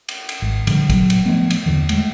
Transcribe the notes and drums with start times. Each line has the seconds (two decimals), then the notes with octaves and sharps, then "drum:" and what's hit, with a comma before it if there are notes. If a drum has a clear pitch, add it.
0.08 drum: cymbal
0.29 drum: cymbal
0.42 G#1
0.67 A#2 D3 F3 G3, drum: cymbal
0.90 A#2 F#3, drum: kick, cymbal
1.10 drum: cymbal
1.26 F3 A3 B3
1.50 drum: cymbal
1.66 E2 D3 E3
1.89 G#3 A3, drum: cymbal